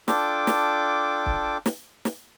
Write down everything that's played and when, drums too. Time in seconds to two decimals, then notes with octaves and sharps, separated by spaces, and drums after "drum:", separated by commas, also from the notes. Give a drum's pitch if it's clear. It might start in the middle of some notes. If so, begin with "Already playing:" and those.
0.08 D4 F4 A4 G5 D6, drum: snare
0.47 drum: snare
1.26 drum: kick
1.66 drum: snare
2.05 drum: snare